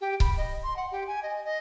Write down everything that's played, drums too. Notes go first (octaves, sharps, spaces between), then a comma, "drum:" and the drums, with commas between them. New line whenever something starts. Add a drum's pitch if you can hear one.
G4
B5, drum: kick C#1
D#5
C6
F#5
G4
G#5
D#5
D#5